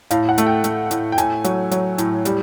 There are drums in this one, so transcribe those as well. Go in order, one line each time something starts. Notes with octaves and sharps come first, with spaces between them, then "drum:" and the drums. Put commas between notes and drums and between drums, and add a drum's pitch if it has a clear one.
A2 F5, drum: hi-hat
F#5
A3, drum: hi-hat
G5
A3, drum: hi-hat
A2, drum: hi-hat
G5
A2 G#5, drum: hi-hat
F#3, drum: hi-hat
F#3, drum: hi-hat
A2, drum: hi-hat
G3, drum: hi-hat